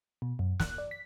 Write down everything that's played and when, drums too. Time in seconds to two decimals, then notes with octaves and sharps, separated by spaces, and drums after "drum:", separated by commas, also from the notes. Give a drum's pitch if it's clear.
0.22 B2
0.39 F#2
0.60 F#6, drum: snare
0.78 D5
0.91 B6